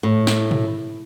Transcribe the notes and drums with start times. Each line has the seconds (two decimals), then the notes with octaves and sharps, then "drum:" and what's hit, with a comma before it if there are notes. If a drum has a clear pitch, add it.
0.03 A2
0.27 drum: snare
0.51 drum: tom A#2